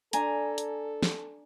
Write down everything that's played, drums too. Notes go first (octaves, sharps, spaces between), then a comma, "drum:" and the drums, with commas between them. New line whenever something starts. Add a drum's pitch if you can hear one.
D4 A4 G#5 A#5, drum: hi-hat
drum: hi-hat
drum: snare